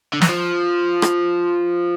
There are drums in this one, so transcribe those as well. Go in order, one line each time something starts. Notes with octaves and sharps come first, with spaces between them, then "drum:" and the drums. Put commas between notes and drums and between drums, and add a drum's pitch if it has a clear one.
D3
E3, drum: snare
F3
drum: rim click